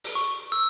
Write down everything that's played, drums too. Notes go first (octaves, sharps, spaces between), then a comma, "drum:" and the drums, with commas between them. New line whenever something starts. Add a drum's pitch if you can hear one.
drum: open hi-hat
C#6
E6